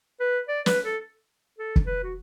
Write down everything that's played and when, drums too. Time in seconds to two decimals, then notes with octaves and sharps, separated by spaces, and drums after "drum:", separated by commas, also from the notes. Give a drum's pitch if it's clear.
0.20 B4
0.48 D5
0.66 B4, drum: snare
0.85 A4
1.59 A4
1.76 drum: kick
1.86 B4
2.03 F#4